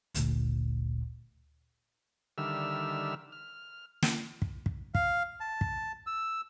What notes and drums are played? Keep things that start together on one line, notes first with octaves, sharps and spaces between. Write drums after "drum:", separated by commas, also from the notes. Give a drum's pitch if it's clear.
G1 D2 A#2, drum: hi-hat
D3 D#3 G3 E5 E6 F6
F6
drum: snare
drum: kick
drum: kick
F5, drum: kick
A5
drum: kick
E6